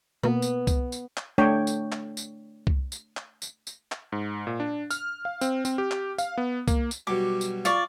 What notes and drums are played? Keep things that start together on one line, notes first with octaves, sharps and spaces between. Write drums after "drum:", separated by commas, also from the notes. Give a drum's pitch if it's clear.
B2 A#3 B3
drum: tambourine
drum: kick C2, tambourine
drum: tambourine
drum: clap
A3 D4 C#5 G5
drum: tambourine
drum: clap
drum: tambourine
drum: kick C2
drum: tambourine
drum: clap
drum: tambourine
drum: tambourine
drum: clap
G#2
A#2
D4
F6, drum: tambourine
F5
C4, drum: tambourine
C4, drum: tambourine
G4
drum: clap
F5, drum: tambourine
B3
A#3, drum: kick C2, tambourine
drum: tambourine
B2 F#3 G3 D6
drum: tambourine
F4 D5 C#6, drum: tambourine